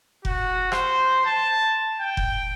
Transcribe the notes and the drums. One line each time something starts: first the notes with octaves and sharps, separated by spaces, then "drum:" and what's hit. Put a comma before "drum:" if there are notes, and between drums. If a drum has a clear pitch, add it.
F#4, drum: kick F1
C5, drum: rim click
A5
G5
drum: kick F1